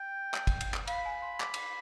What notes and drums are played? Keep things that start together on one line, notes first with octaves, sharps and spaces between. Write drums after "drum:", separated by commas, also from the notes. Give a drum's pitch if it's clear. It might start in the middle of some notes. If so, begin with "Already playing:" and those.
Already playing: G5
drum: clap
drum: kick, cymbal
drum: cymbal
drum: clap
F5 B5, drum: cymbal
G#5
C6
D6, drum: clap
drum: cymbal